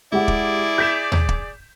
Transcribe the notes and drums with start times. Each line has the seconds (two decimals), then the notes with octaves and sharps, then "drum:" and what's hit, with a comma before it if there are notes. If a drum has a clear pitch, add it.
0.12 G#3 E4 G4 G#4 D5 F#5 D6
0.28 drum: kick
0.78 G6 B6 E7
1.12 drum: tom D#2
1.29 drum: kick